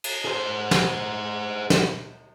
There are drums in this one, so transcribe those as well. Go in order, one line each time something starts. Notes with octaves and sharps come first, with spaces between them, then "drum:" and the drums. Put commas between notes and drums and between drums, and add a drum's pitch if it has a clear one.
drum: cymbal
G#4 C5
drum: snare
drum: snare